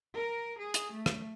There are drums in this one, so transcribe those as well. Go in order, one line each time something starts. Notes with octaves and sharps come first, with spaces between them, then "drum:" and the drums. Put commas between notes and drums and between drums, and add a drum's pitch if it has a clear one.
A#4
G#4
drum: hi-hat
A3
drum: rim click